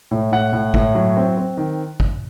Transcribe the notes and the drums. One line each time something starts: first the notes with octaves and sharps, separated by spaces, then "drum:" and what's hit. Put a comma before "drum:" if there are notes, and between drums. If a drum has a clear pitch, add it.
A2
A2 F#5
A2
A2, drum: kick
F#3
C4
C4
D#3
drum: kick